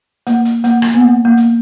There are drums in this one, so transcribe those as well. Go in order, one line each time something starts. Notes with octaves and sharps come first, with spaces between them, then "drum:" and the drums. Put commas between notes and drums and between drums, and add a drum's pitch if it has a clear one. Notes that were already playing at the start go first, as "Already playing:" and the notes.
A#3, drum: hi-hat
drum: hi-hat
A#3, drum: hi-hat
drum: rim click
B3
A#3
A#3
drum: hi-hat